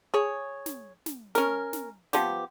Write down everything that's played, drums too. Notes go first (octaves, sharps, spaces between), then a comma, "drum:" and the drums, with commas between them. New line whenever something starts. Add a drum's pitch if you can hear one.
G#4 C#5
drum: snare
drum: snare
C#4 A#4, drum: snare
drum: snare
F3 B3 G4, drum: snare